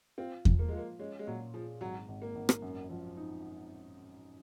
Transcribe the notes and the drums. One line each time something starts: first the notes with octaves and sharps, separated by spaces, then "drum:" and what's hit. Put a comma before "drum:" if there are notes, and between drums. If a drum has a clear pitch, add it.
C4 F4
F3, drum: kick E2
A#3
G#3 F4
A#3
G#3 C#4
G#3
A#2 F#3
F3 G#4
G#1 F#3
G#1
A#3
G#1
drum: rim click
F#2
F3
D#4